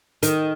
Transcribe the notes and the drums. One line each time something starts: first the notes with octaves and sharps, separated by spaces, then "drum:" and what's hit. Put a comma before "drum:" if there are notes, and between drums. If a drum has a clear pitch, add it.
D#3, drum: hi-hat